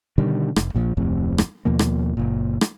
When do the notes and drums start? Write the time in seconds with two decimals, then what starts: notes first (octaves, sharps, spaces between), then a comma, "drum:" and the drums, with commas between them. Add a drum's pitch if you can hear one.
0.18 B2 D3 D#3 G3
0.56 F1, drum: rim click
0.75 A#1 A#2 F3
0.97 D1 F2 A2 C3
1.38 drum: rim click
1.65 D#2 B2 F3 A#3
1.79 drum: rim click
2.17 F#1 A#2
2.61 drum: rim click